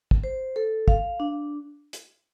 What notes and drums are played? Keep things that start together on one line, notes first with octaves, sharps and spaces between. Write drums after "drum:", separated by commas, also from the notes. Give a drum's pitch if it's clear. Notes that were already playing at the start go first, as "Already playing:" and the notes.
drum: kick
C5
A4
F5, drum: kick
D4
drum: hi-hat